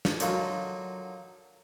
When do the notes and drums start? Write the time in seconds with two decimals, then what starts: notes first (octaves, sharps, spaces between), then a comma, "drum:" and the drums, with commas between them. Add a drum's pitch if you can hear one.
0.05 drum: snare
0.20 D3 F#3 A#3 D#4 F4 F#4, drum: hi-hat